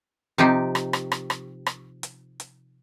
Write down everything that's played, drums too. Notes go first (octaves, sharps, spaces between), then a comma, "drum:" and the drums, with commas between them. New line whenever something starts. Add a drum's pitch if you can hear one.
C3 F3 D#4 G4
drum: rim click
drum: rim click
drum: rim click
drum: rim click
drum: rim click
drum: hi-hat
drum: hi-hat